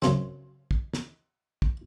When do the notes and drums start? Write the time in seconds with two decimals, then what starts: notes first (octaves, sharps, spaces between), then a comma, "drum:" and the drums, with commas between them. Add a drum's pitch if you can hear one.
0.02 F#2 C#3 C4, drum: snare
0.71 drum: kick
0.94 drum: snare
1.62 drum: kick